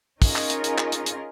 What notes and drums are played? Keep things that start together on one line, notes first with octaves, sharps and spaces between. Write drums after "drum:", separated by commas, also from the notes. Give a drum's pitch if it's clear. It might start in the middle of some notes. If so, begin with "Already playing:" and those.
C#4 D#4 F4 G#4 A#4 D#5, drum: kick, open hi-hat
drum: clap
drum: hi-hat
drum: hi-hat
drum: clap
drum: hi-hat
drum: hi-hat